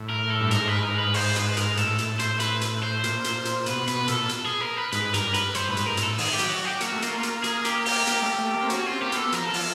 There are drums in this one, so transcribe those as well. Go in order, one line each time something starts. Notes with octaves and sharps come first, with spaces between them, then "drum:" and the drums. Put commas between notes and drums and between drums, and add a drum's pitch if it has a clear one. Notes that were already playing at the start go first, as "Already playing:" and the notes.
Already playing: A2
A#4
A4
G2
G#2 A#4, drum: hi-hat
B4
A#4
B4
C5, drum: open hi-hat
B4, drum: hi-hat
A#4, drum: hi-hat
A2 A4, drum: hi-hat
drum: hi-hat
C5, drum: hi-hat
B4, drum: hi-hat
drum: hi-hat
C5
A#2, drum: hi-hat
drum: hi-hat
drum: hi-hat
B2 B4, drum: hi-hat
B2 B4, drum: hi-hat
A#2 A4, drum: hi-hat
drum: hi-hat
G#4
A#4
B4
G#2 B4, drum: hi-hat
G2 A#4, drum: hi-hat
B4, drum: hi-hat
G2 C5, drum: hi-hat
A2 B4
G#2, drum: hi-hat
A#4
A2, drum: hi-hat
A4
D#3 G#4, drum: open hi-hat
G4
F#3, drum: hi-hat
F#4
G4
A#3 F#4, drum: hi-hat
A3
A#3 F4, drum: hi-hat
drum: hi-hat
G#4, drum: hi-hat
G4, drum: hi-hat
G4, drum: open hi-hat
A#3, drum: hi-hat
A3
A3
A#3
C4
C#4 F#4, drum: hi-hat
F4
C4
A#3 G4
B3, drum: hi-hat
A4
F3 A#4, drum: hi-hat
A4
F3, drum: open hi-hat